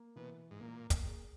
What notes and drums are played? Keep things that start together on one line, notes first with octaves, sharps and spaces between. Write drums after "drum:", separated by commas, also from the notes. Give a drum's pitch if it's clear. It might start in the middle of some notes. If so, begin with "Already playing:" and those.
Already playing: A#3
B2 E3
G#2
A#2 A#3
drum: kick, hi-hat
G#4